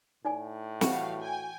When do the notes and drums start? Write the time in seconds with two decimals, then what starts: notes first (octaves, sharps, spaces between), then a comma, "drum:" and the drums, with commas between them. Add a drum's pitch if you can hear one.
0.25 A2 D#4 D5 G#5
0.81 E3 G3 F#4 F5, drum: snare
1.20 G5 G#5